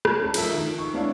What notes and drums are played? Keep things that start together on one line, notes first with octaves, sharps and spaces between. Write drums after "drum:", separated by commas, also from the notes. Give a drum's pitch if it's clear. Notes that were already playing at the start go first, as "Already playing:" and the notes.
drum: rim click
A3 C#4 G#4 A4
F3 F4 A4 A#4 E5, drum: cymbal
D#3
C#6
B3 C4 D4 E4 C#5 F5